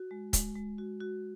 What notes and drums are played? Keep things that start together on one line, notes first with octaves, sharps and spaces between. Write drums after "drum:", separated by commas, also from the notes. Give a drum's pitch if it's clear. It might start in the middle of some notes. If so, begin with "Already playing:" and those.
Already playing: F#4
G#3
G#3, drum: kick C#1, hi-hat
G#3
F#4
F#4